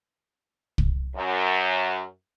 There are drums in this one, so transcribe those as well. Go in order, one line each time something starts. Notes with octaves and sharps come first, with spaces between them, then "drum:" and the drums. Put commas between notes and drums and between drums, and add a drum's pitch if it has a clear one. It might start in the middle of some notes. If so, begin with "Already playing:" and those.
drum: kick
F#2